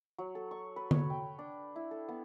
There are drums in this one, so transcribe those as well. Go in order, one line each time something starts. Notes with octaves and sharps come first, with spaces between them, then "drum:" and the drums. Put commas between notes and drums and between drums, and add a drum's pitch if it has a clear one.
F#3
A4
C#6
B4
C#5, drum: tom D3
G5
D4
E4
A4
B3